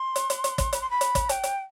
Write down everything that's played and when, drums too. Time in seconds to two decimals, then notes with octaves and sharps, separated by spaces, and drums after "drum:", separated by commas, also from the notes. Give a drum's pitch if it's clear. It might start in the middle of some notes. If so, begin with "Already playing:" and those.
Already playing: C6
0.16 drum: hi-hat
0.30 drum: hi-hat
0.44 drum: hi-hat
0.58 drum: kick, hi-hat
0.73 B5, drum: hi-hat
0.81 C6
0.90 B5
1.01 drum: hi-hat
1.15 drum: kick, hi-hat
1.29 G5, drum: hi-hat
1.43 drum: hi-hat